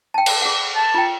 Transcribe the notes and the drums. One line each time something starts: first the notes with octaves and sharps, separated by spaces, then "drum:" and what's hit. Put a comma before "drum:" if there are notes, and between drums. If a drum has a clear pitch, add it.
G5 A5
drum: cymbal
G#4 F#5
A5
F4 G5